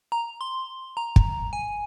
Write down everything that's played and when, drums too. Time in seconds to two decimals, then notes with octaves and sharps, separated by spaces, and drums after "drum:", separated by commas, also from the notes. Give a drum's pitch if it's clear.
0.12 A#5
0.41 C6
0.97 A#5
1.16 drum: kick
1.53 G#5